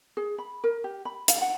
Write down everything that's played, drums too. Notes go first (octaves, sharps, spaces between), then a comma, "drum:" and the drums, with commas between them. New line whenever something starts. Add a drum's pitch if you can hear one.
G#4
B5
A#4
G4
B5
F5, drum: hi-hat
F#5